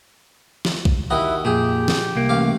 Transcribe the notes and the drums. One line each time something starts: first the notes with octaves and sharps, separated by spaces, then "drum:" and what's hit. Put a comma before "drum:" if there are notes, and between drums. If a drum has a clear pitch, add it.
drum: snare
drum: kick B1
D#2 E4 F#4 D#5
F2 A#2 G4 G#4
drum: snare
C2 A#3
A1 F5 D6